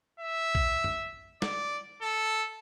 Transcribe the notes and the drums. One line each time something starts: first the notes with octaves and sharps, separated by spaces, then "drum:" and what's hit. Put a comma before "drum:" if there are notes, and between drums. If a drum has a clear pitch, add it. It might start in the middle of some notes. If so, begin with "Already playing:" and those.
E5
drum: kick
drum: tom F#2
D5, drum: snare
A4